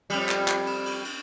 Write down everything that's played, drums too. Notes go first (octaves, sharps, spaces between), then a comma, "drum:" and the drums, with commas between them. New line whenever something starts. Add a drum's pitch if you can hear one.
F2 G3, drum: cymbal
drum: clap
drum: clap
drum: cymbal
drum: cymbal
drum: cymbal